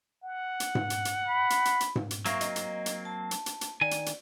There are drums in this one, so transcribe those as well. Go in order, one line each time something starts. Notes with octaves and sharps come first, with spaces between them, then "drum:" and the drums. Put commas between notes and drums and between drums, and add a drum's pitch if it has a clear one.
F#5
drum: hi-hat
drum: tom G#2
drum: hi-hat
drum: hi-hat
B5
drum: hi-hat
drum: hi-hat
drum: hi-hat
drum: tom G#2
drum: hi-hat
F#3 A#3 C4 E5 F5 C#6, drum: hi-hat
D#5, drum: hi-hat
drum: hi-hat
drum: hi-hat
A5
drum: hi-hat
drum: hi-hat
drum: hi-hat
D#3 D5 G#5
drum: hi-hat
drum: hi-hat